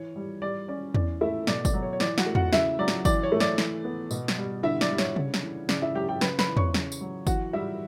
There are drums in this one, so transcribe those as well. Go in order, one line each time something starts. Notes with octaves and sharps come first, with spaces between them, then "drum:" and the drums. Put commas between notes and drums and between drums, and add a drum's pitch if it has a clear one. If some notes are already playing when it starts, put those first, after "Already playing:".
Already playing: E3 C#5
G3
G3 D5
C#4 D5
E3 D5, drum: tom E2
A3 E4 E5
B2 D5, drum: snare
D5, drum: kick G1, tambourine
F#3
C#5
C#5
E3 D5, drum: snare
F#4 F#5, drum: snare
A3
F#4 F#5, drum: tom E2
C#3 E4 E5, drum: snare
F#3 D5
drum: snare
E3 D5, drum: kick G1, tambourine
C#5
A3
D5, drum: snare
E3, drum: snare
B3
B2, drum: tambourine
drum: snare
G3
D3 E4 E5
D5, drum: snare
G3
C#5, drum: snare
C#3, drum: tom C3
drum: snare
E3
C#3 D5, drum: snare
E4 E5
F#3 G4 G5
G4 G5
C#3 B4 B5, drum: snare
B4 B5, drum: snare
E3
C#5 C#6, drum: tom E2
C#3, drum: snare
drum: tambourine
F#3
E3 F#4 F#5, drum: kick G1, tambourine
G3 E4 E5